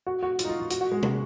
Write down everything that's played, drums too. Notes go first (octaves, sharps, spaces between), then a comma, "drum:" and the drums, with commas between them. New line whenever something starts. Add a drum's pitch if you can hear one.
F#4
F#4
F4, drum: hi-hat
D#4
F4
F4
F#4, drum: hi-hat
F#4
G#3
A#3, drum: tom